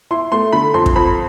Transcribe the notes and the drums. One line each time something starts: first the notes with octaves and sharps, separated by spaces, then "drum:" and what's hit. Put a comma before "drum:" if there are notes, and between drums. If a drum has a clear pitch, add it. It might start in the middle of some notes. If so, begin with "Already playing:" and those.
E4 C6
A3 C6
D3 B5
F2 C6
drum: kick
F2 B5